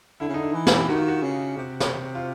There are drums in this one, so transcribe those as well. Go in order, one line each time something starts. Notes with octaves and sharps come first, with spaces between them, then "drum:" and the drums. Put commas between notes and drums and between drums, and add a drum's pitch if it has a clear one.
D3 E4
C#3
D3 D#4
E4
E3
G4, drum: snare
D#3 F#4
F4
F#4
C#3
C3
drum: snare
F4